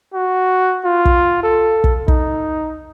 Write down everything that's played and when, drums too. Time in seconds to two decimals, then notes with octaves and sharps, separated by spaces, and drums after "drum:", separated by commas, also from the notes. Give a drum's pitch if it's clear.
0.14 F#4
0.85 F4
1.05 drum: kick
1.43 A4
1.84 drum: kick
2.08 D#4, drum: kick